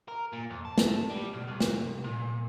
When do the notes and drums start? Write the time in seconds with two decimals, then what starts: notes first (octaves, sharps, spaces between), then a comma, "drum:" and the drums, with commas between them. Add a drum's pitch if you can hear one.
0.08 A#4
0.33 A#2
0.50 F2
0.65 A5
0.78 drum: snare
1.09 G3
1.34 B2
1.48 C2
1.60 drum: snare
2.04 A#2